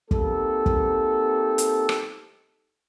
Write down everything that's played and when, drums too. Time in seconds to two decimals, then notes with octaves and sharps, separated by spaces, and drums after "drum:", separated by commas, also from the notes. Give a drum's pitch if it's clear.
0.11 A#3 C4 D#4 G4 A4, drum: kick
0.66 drum: kick
1.58 drum: hi-hat
1.89 drum: rim click